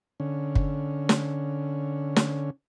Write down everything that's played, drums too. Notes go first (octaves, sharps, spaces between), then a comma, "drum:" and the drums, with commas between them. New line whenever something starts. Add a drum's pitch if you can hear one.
D3 C#4
drum: kick
drum: snare
drum: snare